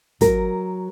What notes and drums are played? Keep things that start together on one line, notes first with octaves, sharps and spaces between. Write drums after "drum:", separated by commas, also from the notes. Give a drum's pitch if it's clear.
F#3 A#4, drum: kick, hi-hat